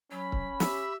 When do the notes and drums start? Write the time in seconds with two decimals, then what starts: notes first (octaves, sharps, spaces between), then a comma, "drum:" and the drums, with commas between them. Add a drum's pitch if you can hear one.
0.11 F#3 C#4 B5
0.32 drum: kick C#1
0.60 G4 E5, drum: snare